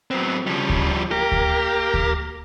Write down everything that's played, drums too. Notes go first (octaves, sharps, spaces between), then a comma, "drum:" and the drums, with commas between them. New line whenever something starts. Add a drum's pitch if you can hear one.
F#3 B3 C4
C#3 F3 G3
drum: kick D2
A#3 G4 A#4
drum: kick D2
drum: kick D2